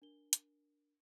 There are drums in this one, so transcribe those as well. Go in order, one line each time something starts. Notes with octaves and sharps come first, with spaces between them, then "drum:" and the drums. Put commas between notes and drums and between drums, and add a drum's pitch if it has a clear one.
D4 A#4 G7
drum: hi-hat